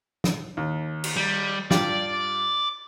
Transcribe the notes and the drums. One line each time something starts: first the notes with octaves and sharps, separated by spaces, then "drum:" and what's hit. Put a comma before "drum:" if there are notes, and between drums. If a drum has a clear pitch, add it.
drum: snare
D#2
drum: cymbal
G3
G2 F4 G4 D5, drum: snare